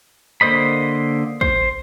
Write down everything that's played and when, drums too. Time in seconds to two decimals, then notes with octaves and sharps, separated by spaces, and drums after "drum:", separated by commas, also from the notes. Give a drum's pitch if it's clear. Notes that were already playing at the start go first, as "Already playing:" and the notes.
0.41 D3 A#3 C5 D#5 B5
1.41 C5, drum: kick